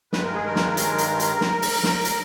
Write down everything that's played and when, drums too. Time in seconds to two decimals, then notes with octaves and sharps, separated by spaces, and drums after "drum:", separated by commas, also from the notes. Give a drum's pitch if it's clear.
0.13 G2 D#3 G#3 B4, drum: snare
0.24 A#4
0.34 G#4
0.44 A#4
0.56 drum: snare
0.77 drum: hi-hat
0.98 drum: hi-hat
1.20 drum: hi-hat
1.41 drum: snare
1.62 drum: open hi-hat
1.83 drum: snare
2.05 drum: hi-hat